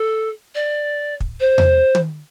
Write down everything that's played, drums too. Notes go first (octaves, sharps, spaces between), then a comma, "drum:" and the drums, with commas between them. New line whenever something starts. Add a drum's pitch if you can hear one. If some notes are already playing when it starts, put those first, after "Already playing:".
Already playing: A4
D5
drum: kick
C5
drum: tom E2
drum: tom